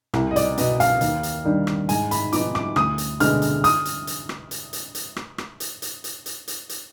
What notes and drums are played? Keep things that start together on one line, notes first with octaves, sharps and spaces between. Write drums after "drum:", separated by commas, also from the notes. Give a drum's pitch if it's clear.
C2, drum: rim click
D#5
D5, drum: hi-hat
B2 B3 D#5, drum: hi-hat
F5, drum: hi-hat
D#2, drum: hi-hat
drum: hi-hat
D#3 G3 D4
drum: rim click
G#2 G#5, drum: hi-hat
B5, drum: hi-hat
F3 B3 D#4 D6, drum: hi-hat
D6, drum: rim click
D2 D#6, drum: rim click
drum: hi-hat
D3 G#3 B3 F6, drum: hi-hat
drum: hi-hat
D#6, drum: hi-hat
drum: hi-hat
drum: hi-hat
drum: rim click
drum: hi-hat
drum: hi-hat
drum: hi-hat
drum: rim click
drum: rim click
drum: hi-hat
drum: hi-hat
drum: hi-hat
drum: hi-hat
drum: hi-hat
drum: hi-hat